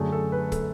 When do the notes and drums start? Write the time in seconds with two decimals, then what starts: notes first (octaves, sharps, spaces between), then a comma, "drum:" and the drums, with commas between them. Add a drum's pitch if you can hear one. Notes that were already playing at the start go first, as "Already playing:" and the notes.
Already playing: F#2 D3 A3 G#4
0.12 A4
0.32 B4
0.52 A4, drum: kick, hi-hat